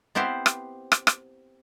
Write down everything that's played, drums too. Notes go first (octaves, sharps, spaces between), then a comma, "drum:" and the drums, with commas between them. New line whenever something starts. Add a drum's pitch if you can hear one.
B3 C4 E4 G4 C5
drum: rim click
drum: rim click
drum: rim click